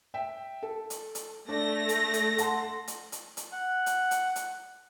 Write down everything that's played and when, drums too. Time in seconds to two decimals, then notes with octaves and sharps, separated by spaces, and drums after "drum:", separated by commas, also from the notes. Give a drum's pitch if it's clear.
0.14 E5 G5
0.63 A4
0.90 drum: hi-hat
1.15 drum: hi-hat
1.48 A3 D4 D5 A#6
1.89 drum: hi-hat
2.14 drum: hi-hat
2.38 F#5 A5 C6, drum: hi-hat
2.88 drum: hi-hat
3.12 drum: hi-hat
3.37 drum: hi-hat
3.53 F#5
3.86 drum: hi-hat
4.11 drum: hi-hat
4.36 drum: hi-hat